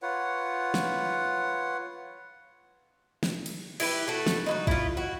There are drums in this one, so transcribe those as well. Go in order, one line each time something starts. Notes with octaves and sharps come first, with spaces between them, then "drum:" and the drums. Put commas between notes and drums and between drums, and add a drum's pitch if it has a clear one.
F4 B4 C#5 F#5
drum: snare
drum: snare
drum: cymbal
E4 G4 B4, drum: cymbal
A3 F#4
drum: snare
D#4 E4 F#4
E4 F4, drum: kick
F#4